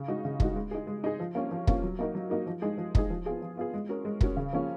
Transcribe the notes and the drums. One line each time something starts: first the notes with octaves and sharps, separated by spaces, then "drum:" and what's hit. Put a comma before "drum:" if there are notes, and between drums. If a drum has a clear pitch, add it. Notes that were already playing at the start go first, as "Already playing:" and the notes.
Already playing: C#3
G#3 D#4 F#4
C#3
G#3 D#4 F#4, drum: kick
G#3
D#4 G#4
G#3
D#4 G#4
F3
A#3 C#4 F4
F3
A#3 C#4 F4, drum: kick
F#3
A#3 D#4 F#4 A#4
F#3
A#3 D#4 F#4 A#4
F3
G#3 D#4 G#4
F3
G#3 D#4 G#4, drum: kick
F3
B3 F4 G#4
F3
B3 F4 G#4
G#3
C#4 F#4 A#4
G#3
C#4 F#4 A#4, drum: kick
C#3
F3 A#3 C#4 F4